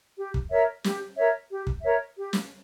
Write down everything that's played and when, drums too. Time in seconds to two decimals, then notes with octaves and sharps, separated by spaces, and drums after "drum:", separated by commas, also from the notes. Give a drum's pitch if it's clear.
0.18 G4
0.34 drum: kick
0.51 A#4 C#5 E5
0.84 G4, drum: snare
1.17 A#4 C#5 E5
1.50 G4
1.67 drum: kick
1.83 A#4 C#5 E5
2.17 G4
2.33 drum: snare